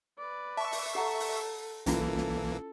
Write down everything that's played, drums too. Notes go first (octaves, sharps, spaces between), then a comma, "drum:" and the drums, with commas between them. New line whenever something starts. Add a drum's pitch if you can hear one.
B4 D5
E5 A5 C#6
drum: open hi-hat
G4 A4 F#5 A#5
drum: open hi-hat
B1 E3 A#3 C#4 E4 F4 A4, drum: hi-hat
drum: snare